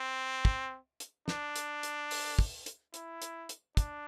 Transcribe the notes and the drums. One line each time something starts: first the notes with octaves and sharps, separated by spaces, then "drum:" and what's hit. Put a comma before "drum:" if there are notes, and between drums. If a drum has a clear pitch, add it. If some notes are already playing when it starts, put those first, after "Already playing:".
Already playing: C4
drum: kick
drum: hi-hat
D4, drum: snare
drum: hi-hat
drum: hi-hat
drum: open hi-hat
drum: kick
drum: hi-hat
E4, drum: hi-hat
drum: hi-hat
drum: hi-hat
D4, drum: kick, hi-hat